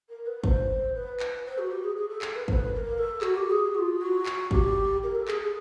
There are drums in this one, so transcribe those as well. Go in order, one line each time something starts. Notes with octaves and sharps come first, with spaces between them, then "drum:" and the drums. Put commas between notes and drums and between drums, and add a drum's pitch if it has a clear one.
A#4
B4
C5, drum: kick
B4
drum: clap
C5
F#4
G4
G#4
G#4
A4
A4, drum: clap
B4
C5, drum: kick
B4
A#4
A4
F#4, drum: clap
G4
G#4
F#4
F4
F#4
drum: clap
G4, drum: kick
A#4
A4
G#4, drum: clap
G#4